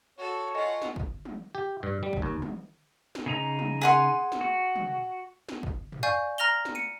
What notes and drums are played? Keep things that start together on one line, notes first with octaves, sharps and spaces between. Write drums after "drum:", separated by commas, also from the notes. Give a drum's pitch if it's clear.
F#4 A4 C#5
F4 D#5 F#5 G#5 C#6
drum: snare
drum: kick
drum: tom
G4
G2
G3
drum: kick
D#2
drum: tom
drum: snare
C#3 D#4 A#5
drum: tom
G#4 F#5 C6
drum: snare
F#4
drum: tom
drum: snare
drum: kick
drum: tom
D5 F5 G#5 C#6 G6
A#5 F6 A#6 F7 G7
drum: snare
C#7 D#7